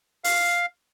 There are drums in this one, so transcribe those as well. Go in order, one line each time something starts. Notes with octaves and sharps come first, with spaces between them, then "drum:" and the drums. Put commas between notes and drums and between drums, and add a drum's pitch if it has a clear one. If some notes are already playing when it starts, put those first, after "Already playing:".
F5, drum: open hi-hat